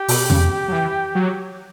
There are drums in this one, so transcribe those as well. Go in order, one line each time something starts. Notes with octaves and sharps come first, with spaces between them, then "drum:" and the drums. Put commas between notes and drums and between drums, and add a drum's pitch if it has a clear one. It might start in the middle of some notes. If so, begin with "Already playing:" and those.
Already playing: G4
B2, drum: open hi-hat
C#3, drum: tom E2
F#3
E3
F#3